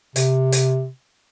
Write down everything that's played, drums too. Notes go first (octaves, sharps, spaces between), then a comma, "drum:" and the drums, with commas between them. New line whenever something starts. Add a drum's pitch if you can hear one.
C3, drum: hi-hat
drum: hi-hat